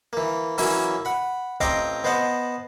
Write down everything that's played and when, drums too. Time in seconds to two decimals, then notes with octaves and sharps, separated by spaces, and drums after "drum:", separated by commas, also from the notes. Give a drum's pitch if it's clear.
0.13 E3 A#3
0.58 E3 F#3 A#3 C#4 E4, drum: open hi-hat
1.05 F#5 B5
1.61 A1 C4 D#5 F5 A#5 D6, drum: kick B1, hi-hat
2.04 B3 C5 D#5 F#5 A5